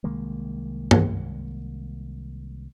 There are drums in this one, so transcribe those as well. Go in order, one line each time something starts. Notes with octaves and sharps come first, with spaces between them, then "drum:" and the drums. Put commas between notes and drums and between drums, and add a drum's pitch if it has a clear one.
C2 D#3 G#3 A#3
drum: tom G2